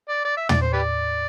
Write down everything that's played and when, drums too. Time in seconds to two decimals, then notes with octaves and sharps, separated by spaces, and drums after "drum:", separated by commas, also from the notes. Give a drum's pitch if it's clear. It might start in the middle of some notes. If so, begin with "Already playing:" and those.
0.09 D5
0.25 D5
0.37 E5
0.49 D5, drum: tom
0.62 C5
0.73 G4 B4 D5